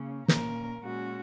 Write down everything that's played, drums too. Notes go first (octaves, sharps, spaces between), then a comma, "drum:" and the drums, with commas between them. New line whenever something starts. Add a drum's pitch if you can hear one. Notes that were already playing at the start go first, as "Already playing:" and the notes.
Already playing: C#3 A#3 C#4
A#2 A#3 C#4 A#4, drum: snare
A#2 G#3 C#4 F#4